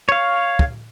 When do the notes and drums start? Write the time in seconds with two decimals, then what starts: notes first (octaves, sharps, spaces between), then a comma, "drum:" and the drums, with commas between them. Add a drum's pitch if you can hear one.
0.09 C#5 F5
0.59 drum: kick